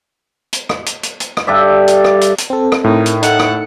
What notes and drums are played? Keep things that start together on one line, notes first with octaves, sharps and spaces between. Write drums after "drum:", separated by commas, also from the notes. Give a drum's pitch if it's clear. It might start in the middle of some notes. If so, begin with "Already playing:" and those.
drum: hi-hat
drum: rim click
drum: hi-hat
drum: hi-hat
drum: hi-hat
drum: rim click
G2 A4 D5 E5
drum: hi-hat
drum: rim click
drum: hi-hat
drum: hi-hat
C4 A4
drum: rim click
A2 D#4 A#4
drum: hi-hat
D#4 A4 F#5 C#7, drum: hi-hat
drum: rim click